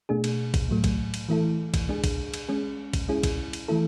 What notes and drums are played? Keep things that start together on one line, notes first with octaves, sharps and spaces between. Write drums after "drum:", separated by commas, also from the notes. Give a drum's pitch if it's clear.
B2 A3 D4 G#4
drum: cymbal
drum: kick A#1, cymbal
A2 F#3 A3
drum: kick A#1, cymbal
drum: cymbal
E3 A3 E4 A4
drum: kick A#1, cymbal
G#3 D4 G#4
drum: kick A#1, cymbal
drum: cymbal
G#3 C#4 G#4
drum: kick A#1, cymbal
G#3 C#4 E4 G#4
drum: kick A#1, cymbal
drum: cymbal
E3 A3 E4 A4